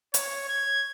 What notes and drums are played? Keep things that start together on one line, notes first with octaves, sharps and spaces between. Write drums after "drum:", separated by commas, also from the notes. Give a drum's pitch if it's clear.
C#5, drum: hi-hat
G#6